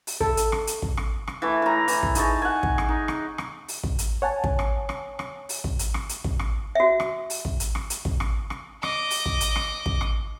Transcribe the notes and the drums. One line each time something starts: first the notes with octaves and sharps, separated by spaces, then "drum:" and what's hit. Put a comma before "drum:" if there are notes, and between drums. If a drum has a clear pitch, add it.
drum: open hi-hat
A4, drum: kick
drum: hi-hat
drum: rim click
drum: hi-hat
drum: kick
drum: rim click
drum: rim click
E3 A3
A2 A#5
E3, drum: open hi-hat
drum: kick
D#4 G#4 C#5 A5, drum: hi-hat
F#5 G#5
drum: kick
drum: rim click
D#4
drum: rim click
drum: rim click
drum: open hi-hat
drum: kick
drum: hi-hat
C#5 F#5 G#5 A5
drum: kick
drum: rim click
drum: rim click
drum: rim click
drum: open hi-hat
drum: kick
drum: hi-hat
drum: rim click
drum: hi-hat
drum: kick
drum: rim click
F#4 E5
drum: rim click
drum: open hi-hat
drum: kick
drum: hi-hat
drum: rim click
drum: hi-hat
drum: kick
drum: rim click
drum: rim click
D#5 D6, drum: rim click
drum: open hi-hat
drum: kick
drum: hi-hat
drum: rim click
drum: kick
drum: rim click